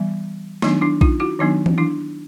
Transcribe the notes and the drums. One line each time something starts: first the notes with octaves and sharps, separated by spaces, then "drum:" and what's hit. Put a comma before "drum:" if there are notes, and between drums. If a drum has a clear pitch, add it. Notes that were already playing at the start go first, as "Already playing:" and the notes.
Already playing: E3 G3 B3
D#3 F#3 B3 D4 D#4, drum: snare A3
D4 E4
D#4 F4, drum: kick A#1
E4 F#4
D#3 F#3 B3 D4 D#4
drum: tom E3
D4 E4